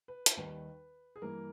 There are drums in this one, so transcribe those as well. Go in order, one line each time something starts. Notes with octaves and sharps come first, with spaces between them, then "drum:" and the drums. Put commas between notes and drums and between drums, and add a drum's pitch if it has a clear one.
B4
drum: hi-hat
D#2 D#3 G3 B4
G#4
G2 E3 A#3 A#4